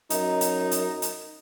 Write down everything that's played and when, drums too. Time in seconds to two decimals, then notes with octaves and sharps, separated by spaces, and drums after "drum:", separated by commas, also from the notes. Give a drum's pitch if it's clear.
0.10 F#2 D#4, drum: hi-hat
0.41 drum: hi-hat
0.71 drum: hi-hat
1.02 drum: hi-hat